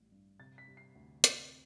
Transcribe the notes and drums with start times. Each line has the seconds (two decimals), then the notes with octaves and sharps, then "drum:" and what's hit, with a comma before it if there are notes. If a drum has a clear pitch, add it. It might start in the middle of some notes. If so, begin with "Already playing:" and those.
Already playing: A1 G3
0.12 G2
0.40 C3 A6
0.58 B6
0.68 G3
0.77 C7
0.95 D2
1.24 C4, drum: hi-hat